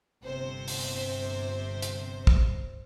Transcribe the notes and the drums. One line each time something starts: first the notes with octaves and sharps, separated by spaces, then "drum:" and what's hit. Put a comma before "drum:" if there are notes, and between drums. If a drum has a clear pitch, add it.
G1 C3 C5
drum: open hi-hat
drum: hi-hat
drum: kick